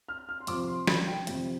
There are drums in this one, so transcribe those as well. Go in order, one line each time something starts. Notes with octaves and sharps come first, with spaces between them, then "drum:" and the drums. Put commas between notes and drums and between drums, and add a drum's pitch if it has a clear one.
F6
F6
C6
F2 C3 F3 C4 D6, drum: hi-hat
C6
B5, drum: snare
G5
F2 C3 F3 C4, drum: hi-hat